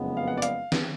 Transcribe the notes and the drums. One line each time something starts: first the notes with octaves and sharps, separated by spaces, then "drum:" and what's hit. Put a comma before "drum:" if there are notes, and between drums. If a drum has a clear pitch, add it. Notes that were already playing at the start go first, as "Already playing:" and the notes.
Already playing: F#1 F2 C#3 G#3 B3
F5
F#5
D5
F5, drum: hi-hat
drum: snare